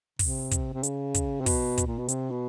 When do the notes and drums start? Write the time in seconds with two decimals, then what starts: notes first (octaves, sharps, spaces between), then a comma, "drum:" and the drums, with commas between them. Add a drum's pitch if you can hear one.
0.19 C3, drum: kick, open hi-hat
0.51 drum: kick, hi-hat
0.74 C3
0.83 C#3, drum: hi-hat
1.14 drum: kick, hi-hat
1.41 C3
1.46 B2, drum: kick, open hi-hat
1.78 drum: kick, hi-hat
1.87 A#2
1.99 B2
2.08 C3, drum: hi-hat
2.31 B2